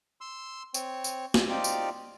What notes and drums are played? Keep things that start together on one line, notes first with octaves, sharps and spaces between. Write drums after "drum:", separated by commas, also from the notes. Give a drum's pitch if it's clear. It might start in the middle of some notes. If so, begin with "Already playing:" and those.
C6 E6
C4 C#5, drum: tambourine
drum: tambourine
drum: snare
C4 D#4 F4 G4 D5
drum: tambourine